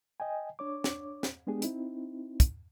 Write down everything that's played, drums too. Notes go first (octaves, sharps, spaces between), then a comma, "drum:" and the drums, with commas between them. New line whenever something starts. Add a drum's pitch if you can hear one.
D#5 G5 G#5
D4 C#5 D6
drum: snare
drum: snare
G#3 B3 D4 G4 G#4
C4 D#4 E4, drum: hi-hat
drum: kick, hi-hat